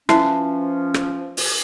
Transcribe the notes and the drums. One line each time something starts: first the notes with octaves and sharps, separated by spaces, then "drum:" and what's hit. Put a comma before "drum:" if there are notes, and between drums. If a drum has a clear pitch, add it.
F3 C#4 E4 B4 E5 A5, drum: rim click
drum: rim click
drum: open hi-hat